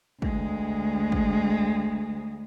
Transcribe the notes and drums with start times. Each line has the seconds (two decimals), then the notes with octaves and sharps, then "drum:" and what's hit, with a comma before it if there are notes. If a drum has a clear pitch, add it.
0.22 D2 G#3, drum: kick
1.12 drum: kick